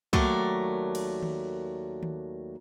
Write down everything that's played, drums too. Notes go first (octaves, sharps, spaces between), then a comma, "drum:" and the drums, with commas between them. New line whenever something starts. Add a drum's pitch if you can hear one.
D#2 F#3 A3 A#4 D5, drum: kick
drum: cymbal
drum: tom D#3
drum: tom D#3